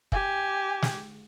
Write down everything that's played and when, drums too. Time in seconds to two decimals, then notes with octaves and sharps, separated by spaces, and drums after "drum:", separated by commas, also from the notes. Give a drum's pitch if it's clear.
0.12 G4 G#5, drum: kick
0.82 drum: snare